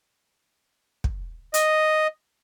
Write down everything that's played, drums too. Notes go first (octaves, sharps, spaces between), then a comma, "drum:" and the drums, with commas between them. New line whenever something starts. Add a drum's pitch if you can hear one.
drum: kick
D#5, drum: hi-hat